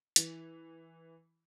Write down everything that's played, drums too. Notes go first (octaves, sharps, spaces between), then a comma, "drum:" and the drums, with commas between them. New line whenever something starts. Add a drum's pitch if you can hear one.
E3, drum: hi-hat